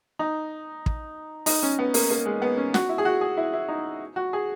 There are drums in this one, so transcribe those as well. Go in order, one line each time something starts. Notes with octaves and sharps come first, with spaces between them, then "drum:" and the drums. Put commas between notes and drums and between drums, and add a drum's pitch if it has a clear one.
D#4
drum: kick
D#4, drum: open hi-hat
C#4
B3
A#3, drum: open hi-hat
A#3
G#3
B3
C#4
F#4, drum: snare
E4
G#4
F#4
G#4
E4
E4
D#4
F#4
G#4